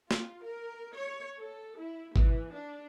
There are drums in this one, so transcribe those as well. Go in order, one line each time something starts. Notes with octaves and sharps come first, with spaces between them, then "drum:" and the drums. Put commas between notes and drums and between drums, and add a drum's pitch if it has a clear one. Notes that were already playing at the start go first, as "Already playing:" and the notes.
F4, drum: snare
A#4
C#5
A4
E4
E3, drum: kick G#1
D4